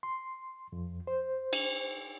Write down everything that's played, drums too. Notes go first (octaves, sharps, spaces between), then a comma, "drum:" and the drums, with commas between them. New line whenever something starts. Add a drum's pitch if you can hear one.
C6
F2
C5
drum: cymbal